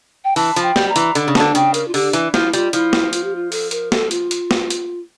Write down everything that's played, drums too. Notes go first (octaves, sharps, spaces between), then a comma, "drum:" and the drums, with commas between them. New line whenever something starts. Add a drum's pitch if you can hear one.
G5
E3 A5, drum: open hi-hat
F3, drum: hi-hat
G5
G3, drum: snare
A#5
E3, drum: hi-hat
D3, drum: hi-hat
C#3
D3 A5, drum: snare
C#3 G5, drum: hi-hat
A#4, drum: hi-hat
F4
D3 G4, drum: open hi-hat
E3, drum: hi-hat
F3 E4, drum: snare
G3 F4, drum: hi-hat
F3 E4, drum: hi-hat
drum: snare
F4, drum: hi-hat
G4
F4
A4, drum: open hi-hat
A#4, drum: hi-hat
A4, drum: snare
F4, drum: hi-hat
drum: hi-hat
drum: snare
drum: hi-hat